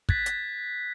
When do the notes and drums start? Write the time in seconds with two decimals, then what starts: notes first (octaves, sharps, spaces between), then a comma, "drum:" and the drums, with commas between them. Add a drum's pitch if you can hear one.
0.09 F#6 G#6 A6 B6, drum: kick
0.26 drum: hi-hat